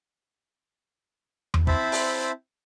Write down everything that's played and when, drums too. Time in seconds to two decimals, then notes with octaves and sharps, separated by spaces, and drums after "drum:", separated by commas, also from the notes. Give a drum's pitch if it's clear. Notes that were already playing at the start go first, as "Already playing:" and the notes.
1.54 drum: tom E2
1.67 C4 E4 C5 E5 A5 B5, drum: kick
1.92 drum: open hi-hat